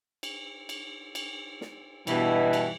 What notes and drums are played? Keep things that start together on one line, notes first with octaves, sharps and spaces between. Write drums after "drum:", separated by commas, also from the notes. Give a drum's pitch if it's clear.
drum: cymbal
drum: cymbal
drum: cymbal
drum: snare
G2 B2 E3, drum: cymbal
drum: cymbal